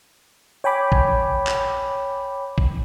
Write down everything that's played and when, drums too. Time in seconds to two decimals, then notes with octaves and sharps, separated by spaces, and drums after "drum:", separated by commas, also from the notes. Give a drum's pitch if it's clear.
0.64 C#5 G5 G#5 B5 D6
0.92 drum: kick A1
1.47 drum: clap
2.58 drum: kick A1